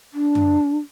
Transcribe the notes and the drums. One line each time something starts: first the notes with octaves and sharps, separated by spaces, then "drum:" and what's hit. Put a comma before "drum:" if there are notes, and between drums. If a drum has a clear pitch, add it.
D4
drum: tom F#2